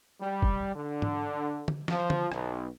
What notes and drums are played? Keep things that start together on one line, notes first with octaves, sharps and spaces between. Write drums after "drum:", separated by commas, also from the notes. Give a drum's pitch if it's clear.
G3
drum: kick
D3
drum: tom G#2
drum: tom D3
F3, drum: snare
drum: tom D3
B1, drum: rim click